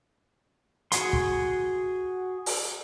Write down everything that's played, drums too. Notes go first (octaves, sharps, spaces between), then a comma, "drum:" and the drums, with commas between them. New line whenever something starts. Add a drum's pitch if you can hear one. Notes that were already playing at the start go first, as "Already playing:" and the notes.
F#4 G#4 C6, drum: hi-hat
drum: kick
drum: open hi-hat